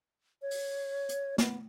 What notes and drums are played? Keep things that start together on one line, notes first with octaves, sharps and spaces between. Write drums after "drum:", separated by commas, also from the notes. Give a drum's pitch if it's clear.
C#5
drum: open hi-hat
drum: hi-hat
B3, drum: snare